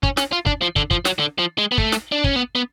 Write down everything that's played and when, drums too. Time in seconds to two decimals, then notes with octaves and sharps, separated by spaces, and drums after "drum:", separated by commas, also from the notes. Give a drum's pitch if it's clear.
0.03 C#4, drum: kick
0.17 C#4, drum: snare
0.32 F4
0.46 D4, drum: kick
0.62 F3
0.76 D3, drum: kick
0.91 F3, drum: kick
1.05 F#3, drum: snare
1.19 D3
1.39 F3
1.58 G#3
1.72 B3
1.78 A3, drum: kick
1.92 drum: snare
2.12 D4
2.24 C#4, drum: kick
2.36 B3
2.55 B3